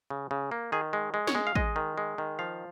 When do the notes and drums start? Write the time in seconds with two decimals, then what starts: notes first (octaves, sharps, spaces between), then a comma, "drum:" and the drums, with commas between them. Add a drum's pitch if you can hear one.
0.10 C#3
0.31 C#3
0.51 A#3
0.72 D#3 G#4
0.93 G#3
1.14 G#3
1.27 C#5, drum: snare
1.35 G#3
1.47 F5
1.55 G#3 D#5, drum: kick A1
1.76 D#3
1.98 G#3
2.18 D#3
2.39 F3 F5